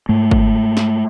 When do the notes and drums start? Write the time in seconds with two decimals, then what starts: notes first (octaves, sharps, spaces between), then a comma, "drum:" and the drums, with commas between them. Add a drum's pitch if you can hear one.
0.09 G#2 A3
0.31 drum: kick
0.77 drum: snare